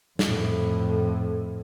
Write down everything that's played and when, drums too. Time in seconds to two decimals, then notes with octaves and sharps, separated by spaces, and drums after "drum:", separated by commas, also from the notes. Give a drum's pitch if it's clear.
0.19 F2 A2, drum: snare